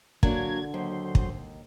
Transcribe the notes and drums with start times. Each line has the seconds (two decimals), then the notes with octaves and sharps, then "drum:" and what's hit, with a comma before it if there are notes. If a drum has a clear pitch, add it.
0.23 D3 F#3 A#3 D4 G#6, drum: kick
0.74 D#2 F#3 C5
1.15 drum: kick